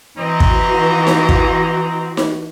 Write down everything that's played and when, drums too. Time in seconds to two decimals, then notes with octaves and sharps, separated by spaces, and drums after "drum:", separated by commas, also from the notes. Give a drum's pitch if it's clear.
0.18 E3 C4 F#4 D#5 A#5
0.40 drum: kick
1.07 drum: snare D#4
1.29 drum: kick
2.17 drum: snare D#4